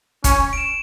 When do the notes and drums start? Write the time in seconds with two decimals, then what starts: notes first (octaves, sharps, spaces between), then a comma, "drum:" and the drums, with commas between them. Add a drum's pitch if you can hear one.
0.24 C#4, drum: kick, hi-hat
0.53 D7
0.58 E7